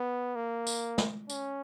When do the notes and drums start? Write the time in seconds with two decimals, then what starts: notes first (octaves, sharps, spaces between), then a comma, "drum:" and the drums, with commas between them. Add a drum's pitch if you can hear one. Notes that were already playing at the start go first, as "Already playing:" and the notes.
Already playing: B3
0.36 A#3
0.67 drum: tambourine
0.98 drum: snare
1.30 C#4, drum: tambourine